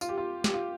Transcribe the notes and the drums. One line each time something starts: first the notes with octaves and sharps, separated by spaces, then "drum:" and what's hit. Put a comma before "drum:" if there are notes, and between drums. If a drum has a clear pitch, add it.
F4, drum: tambourine
G4
F4
G4, drum: snare
F4